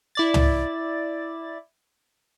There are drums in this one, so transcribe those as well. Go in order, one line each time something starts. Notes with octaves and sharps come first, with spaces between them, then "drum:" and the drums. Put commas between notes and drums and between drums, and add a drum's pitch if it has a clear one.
E4 D5 A6
drum: tom